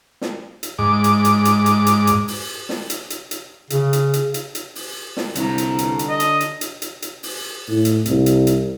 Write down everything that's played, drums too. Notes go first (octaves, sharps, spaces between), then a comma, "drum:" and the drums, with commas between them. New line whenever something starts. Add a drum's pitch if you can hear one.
drum: snare
drum: hi-hat
G#2 D6
drum: hi-hat
drum: hi-hat
drum: hi-hat
drum: hi-hat
drum: hi-hat
drum: hi-hat
drum: open hi-hat
drum: snare
drum: hi-hat
drum: hi-hat
drum: hi-hat
C#3, drum: hi-hat
drum: hi-hat
drum: hi-hat
drum: hi-hat
drum: hi-hat
drum: open hi-hat
drum: snare
C2 D3 A#5, drum: hi-hat
drum: hi-hat
drum: hi-hat
drum: hi-hat
D#5
drum: hi-hat
drum: hi-hat
drum: hi-hat
drum: hi-hat
drum: hi-hat
drum: open hi-hat
A2
drum: hi-hat
C2, drum: hi-hat
drum: hi-hat
drum: hi-hat